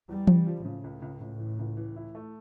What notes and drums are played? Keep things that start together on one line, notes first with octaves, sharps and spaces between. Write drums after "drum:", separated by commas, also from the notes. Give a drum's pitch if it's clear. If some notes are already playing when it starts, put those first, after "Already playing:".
E2 G3
C#3, drum: tom E3
F3
A2 C#3
C#2
C#2
C#2
E3
C#2
E3
E4
A3